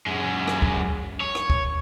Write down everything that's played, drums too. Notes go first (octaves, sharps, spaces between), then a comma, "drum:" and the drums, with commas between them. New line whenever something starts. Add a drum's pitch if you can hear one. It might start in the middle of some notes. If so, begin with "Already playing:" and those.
F#2 G#3
drum: rim click
drum: kick
C#5
drum: rim click
drum: kick